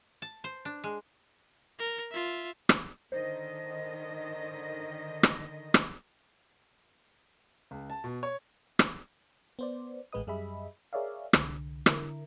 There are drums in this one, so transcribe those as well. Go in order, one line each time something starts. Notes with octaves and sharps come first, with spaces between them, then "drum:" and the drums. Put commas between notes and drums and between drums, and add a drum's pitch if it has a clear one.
A5
C5
D4
G#3
A#4
F4 E5
drum: rim click
D3 D#3 C5 D#5
drum: rim click
drum: rim click
C#2
A5
B2
C#5
drum: rim click
B3 C5 D5
A1 A2 G#3 B4 D#5 D#6
F#2 G3 G#4 D#5 E5 B5
G#4 A#4 C#5 D5 E5 F5
C2 D3, drum: rim click
D3 E4 A#4, drum: rim click